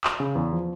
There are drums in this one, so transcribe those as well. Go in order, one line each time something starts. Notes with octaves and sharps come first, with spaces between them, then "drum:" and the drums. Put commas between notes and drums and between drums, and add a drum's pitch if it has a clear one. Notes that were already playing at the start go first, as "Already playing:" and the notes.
drum: clap
C#3
E2
F3